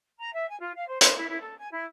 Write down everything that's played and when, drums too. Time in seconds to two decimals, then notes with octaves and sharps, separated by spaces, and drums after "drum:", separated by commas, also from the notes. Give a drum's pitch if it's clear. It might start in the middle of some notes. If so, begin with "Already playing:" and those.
0.20 A#5
0.33 E5
0.49 G#5
0.60 F4
0.76 F5
0.88 C5
1.01 C5, drum: hi-hat
1.16 E4
1.29 E4
1.41 A4
1.57 G#5
1.72 E4